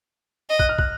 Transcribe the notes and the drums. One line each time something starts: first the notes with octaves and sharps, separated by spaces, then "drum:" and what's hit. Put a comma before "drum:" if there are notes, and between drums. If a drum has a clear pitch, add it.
D#5
F#6, drum: kick
F6
F#6, drum: kick